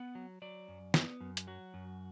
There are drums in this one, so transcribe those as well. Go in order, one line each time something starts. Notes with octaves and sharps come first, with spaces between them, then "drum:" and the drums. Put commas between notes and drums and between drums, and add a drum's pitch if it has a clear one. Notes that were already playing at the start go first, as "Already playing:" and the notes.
Already playing: B3 F#5
F#3
F#3 D5
F#2
B3, drum: snare
F#2
drum: hi-hat
F#3 F#4
F#2